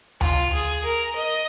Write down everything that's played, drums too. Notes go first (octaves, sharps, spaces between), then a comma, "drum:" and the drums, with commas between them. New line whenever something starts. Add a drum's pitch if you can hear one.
F4, drum: tom D2
G#4
A#4
D#5